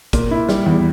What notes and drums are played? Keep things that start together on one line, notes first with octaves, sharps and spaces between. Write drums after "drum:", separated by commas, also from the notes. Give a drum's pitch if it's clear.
A#2, drum: kick, hi-hat
E4
G3, drum: snare
E2